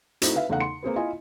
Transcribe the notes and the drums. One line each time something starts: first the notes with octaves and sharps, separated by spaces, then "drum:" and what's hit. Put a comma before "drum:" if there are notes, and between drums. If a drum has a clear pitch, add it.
A3 C4 D#4 E4 F#4 A4, drum: hi-hat
B4 E5 F5
E2 C#3 A3 D#4 F5 F#5
C6 C#7
A#3 C4 G#4 B4
E4 F4 D#5 G#5